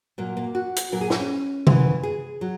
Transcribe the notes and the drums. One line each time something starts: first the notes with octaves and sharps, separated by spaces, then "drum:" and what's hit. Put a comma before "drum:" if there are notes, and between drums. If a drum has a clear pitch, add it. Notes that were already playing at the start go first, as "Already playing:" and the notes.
A#2 F#3 A#3
A#3
F#4
drum: hi-hat
A#2 F#3 A#4
G#4
E4, drum: snare
C#4
F#2 C#3 E3, drum: tom C3
G#4
F#3